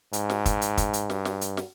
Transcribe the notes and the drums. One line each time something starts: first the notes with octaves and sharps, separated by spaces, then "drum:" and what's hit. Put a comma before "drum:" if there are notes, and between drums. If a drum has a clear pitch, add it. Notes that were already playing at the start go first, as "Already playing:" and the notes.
G#2, drum: hi-hat
drum: snare
drum: kick, hi-hat
drum: hi-hat
drum: kick, hi-hat
drum: hi-hat
G2, drum: snare
drum: snare
drum: hi-hat
drum: snare